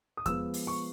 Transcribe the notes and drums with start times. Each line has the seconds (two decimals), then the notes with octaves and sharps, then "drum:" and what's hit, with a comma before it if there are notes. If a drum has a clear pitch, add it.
0.17 D#6
0.26 F3 G#3 B3 E6, drum: kick E2, hi-hat
0.54 drum: open hi-hat
0.67 C#6